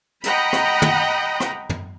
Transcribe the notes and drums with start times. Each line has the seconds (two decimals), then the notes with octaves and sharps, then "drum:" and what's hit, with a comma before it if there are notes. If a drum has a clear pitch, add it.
0.24 D#5 F#5 G5 A#5 B5, drum: hi-hat
0.53 drum: rim click
0.82 drum: tom
1.40 drum: rim click
1.69 drum: tom